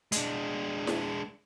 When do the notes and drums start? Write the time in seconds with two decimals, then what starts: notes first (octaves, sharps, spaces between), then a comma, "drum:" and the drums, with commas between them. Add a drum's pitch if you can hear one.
0.12 G#3 D4, drum: hi-hat
0.87 drum: snare E4